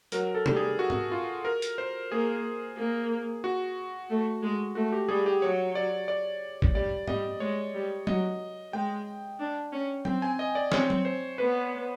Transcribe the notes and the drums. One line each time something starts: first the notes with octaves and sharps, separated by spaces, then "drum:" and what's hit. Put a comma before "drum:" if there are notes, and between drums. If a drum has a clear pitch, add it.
F#3 A#4, drum: hi-hat
A4
G3, drum: tom
G#4
F#4
drum: tom G#2
F4
A#4
drum: hi-hat
C5
A#3 G#4
A#3
F#4
A3
G#3
A3 F#4
G4
G3 G#4
G4
F#3 C#5
D5
D5
drum: kick
G3 D5
G3 D#5, drum: tom G#2
G#3 C#5
G3
F#3 D#5, drum: tom F#3
G#3 G5
D4
C#4
C4 G5, drum: tom F#3
G#5
D#5
D5
C4 C#5, drum: snare
drum: tom F#3
C5
B3 B4